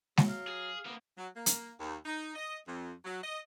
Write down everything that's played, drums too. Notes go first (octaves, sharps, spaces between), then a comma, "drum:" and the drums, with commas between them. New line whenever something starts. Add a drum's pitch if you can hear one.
F#3, drum: snare G#3
F5
G#4
A#3 B3
F#3
A#3
drum: hi-hat
D#2
D#4
D#5
F2
F#3
D#5